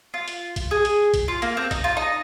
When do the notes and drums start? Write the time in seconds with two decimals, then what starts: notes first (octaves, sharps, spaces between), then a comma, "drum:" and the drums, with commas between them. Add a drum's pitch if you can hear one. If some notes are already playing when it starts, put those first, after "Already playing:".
0.14 F4
0.28 drum: hi-hat
0.56 drum: kick, hi-hat
0.71 G#4
0.85 drum: hi-hat
1.14 drum: kick, hi-hat
1.28 F4
1.42 A#3, drum: hi-hat
1.57 C4
1.71 D#4, drum: kick, hi-hat
1.84 F4
1.97 D#4